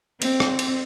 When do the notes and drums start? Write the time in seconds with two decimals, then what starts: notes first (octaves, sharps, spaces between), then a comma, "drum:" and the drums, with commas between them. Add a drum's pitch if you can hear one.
0.22 C4, drum: cymbal
0.40 drum: rim click
0.59 drum: cymbal